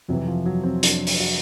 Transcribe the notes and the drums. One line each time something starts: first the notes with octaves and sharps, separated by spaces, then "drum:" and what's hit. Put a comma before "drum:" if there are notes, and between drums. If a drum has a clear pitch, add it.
F2 C3 E3 F#3
F3
F#3
C4
D4, drum: hi-hat
drum: open hi-hat
F#4